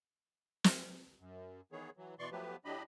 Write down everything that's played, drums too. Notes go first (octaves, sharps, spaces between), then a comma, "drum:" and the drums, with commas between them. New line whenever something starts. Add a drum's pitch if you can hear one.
drum: snare
F#2
D#3 E3 B3 G#4 C#5
E3 F#3
B2 E3 D5 C6 C#6
F3 F#3 A3 B3 G4 B4
A2 F#3 D4 G4 D#5 B5